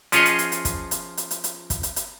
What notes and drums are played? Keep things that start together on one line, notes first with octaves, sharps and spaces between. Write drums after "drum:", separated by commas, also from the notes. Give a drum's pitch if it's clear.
F3 C#4 F4 G#4 C#5 D#5, drum: hi-hat
drum: hi-hat
drum: hi-hat
drum: hi-hat
drum: kick, hi-hat
drum: hi-hat
drum: hi-hat
drum: hi-hat
drum: hi-hat
drum: kick, hi-hat
drum: hi-hat
drum: hi-hat